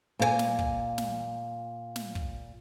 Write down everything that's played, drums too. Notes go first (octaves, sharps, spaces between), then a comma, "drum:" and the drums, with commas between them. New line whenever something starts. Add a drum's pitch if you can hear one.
A#2 A#4 G#5
drum: snare
drum: kick
drum: snare
drum: snare
drum: kick